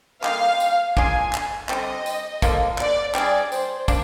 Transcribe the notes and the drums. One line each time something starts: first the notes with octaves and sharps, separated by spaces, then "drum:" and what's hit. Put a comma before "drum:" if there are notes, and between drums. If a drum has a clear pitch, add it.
D3 G3 A#3 D#4 F5, drum: clap
drum: tambourine
A#3 D4 F4 G#4 G#5, drum: kick
drum: clap
D3 G3 C4 D#5, drum: clap
drum: tambourine
D3 F3 A#3, drum: kick, tambourine
D5, drum: clap
G3 D4 G#4 D5, drum: clap
C5, drum: tambourine
A#3 D4, drum: kick, tambourine